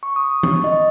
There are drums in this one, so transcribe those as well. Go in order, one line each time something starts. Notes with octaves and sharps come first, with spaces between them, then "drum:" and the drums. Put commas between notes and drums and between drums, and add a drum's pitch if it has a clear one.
C#6
D#6
C#6, drum: tom E3
D#5